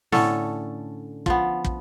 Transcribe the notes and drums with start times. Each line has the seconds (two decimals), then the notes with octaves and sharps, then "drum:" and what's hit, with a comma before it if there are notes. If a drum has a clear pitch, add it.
0.12 A2 D3 C#4 A4, drum: snare
1.26 F3 B3, drum: kick
1.64 drum: kick